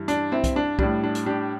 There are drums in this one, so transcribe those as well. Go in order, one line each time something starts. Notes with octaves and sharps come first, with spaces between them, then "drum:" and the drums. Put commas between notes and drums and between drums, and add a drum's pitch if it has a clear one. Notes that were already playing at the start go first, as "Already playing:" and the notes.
Already playing: G2 E3
D4, drum: hi-hat
C4 E4
drum: kick C2, hi-hat
D4
A2 G3 D4, drum: kick C2
D4
drum: hi-hat
D4 G4